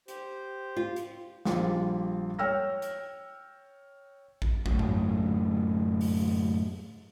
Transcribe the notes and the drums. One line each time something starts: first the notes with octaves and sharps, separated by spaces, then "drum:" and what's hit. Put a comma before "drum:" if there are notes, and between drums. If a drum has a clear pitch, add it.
G4 C5, drum: hi-hat
F4
drum: hi-hat
A#1 G3 F4, drum: snare
C#5 G5 E6 F6 A#6
drum: hi-hat
drum: kick A1
F#2 A2, drum: kick A1
drum: tom G#2
drum: open hi-hat